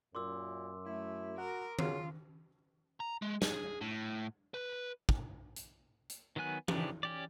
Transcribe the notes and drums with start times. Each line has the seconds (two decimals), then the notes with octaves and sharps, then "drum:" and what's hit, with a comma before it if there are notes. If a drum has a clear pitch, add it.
0.15 F#2 A#2 C6 D6 E6
0.86 A3 E4
1.38 F#4 A#4
1.79 F#3 F4 G#4, drum: tom D#3
3.00 A#5
3.22 G#3
3.42 G#4, drum: snare
3.81 A2
4.54 B4
5.09 drum: kick
5.56 drum: hi-hat
6.09 drum: hi-hat
6.36 D#3 F#3 B3 G#5 F#6
6.68 C#3 E3 F3 D4 G4, drum: tom E3
7.03 C#4 G4 D5